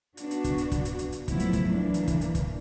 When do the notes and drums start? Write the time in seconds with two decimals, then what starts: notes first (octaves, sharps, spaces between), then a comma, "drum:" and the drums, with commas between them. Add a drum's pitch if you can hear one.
0.17 B3 D4 F#4, drum: hi-hat
0.31 drum: hi-hat
0.44 drum: kick, hi-hat
0.58 drum: hi-hat
0.72 drum: kick, hi-hat
0.85 drum: hi-hat
0.99 drum: hi-hat
1.12 drum: hi-hat
1.28 F3 F#3 G#3 A3 B3 E4, drum: kick, hi-hat
1.40 drum: hi-hat
1.53 drum: kick, hi-hat
1.72 E3 A#3 D4
1.94 drum: hi-hat
2.08 drum: kick, hi-hat
2.21 drum: hi-hat
2.35 drum: kick, hi-hat